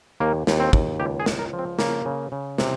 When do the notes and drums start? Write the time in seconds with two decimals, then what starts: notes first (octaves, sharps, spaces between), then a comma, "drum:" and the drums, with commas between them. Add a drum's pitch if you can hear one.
0.20 D#2 A#3
0.47 D#2, drum: snare
0.60 C4
0.73 D#2, drum: kick
1.00 C#2 G4
1.20 G#4
1.26 C#2, drum: snare
1.39 A#4
1.53 F3
1.59 C4
1.79 C#3 A#3, drum: snare
2.05 C#3
2.32 C#3
2.58 C3, drum: snare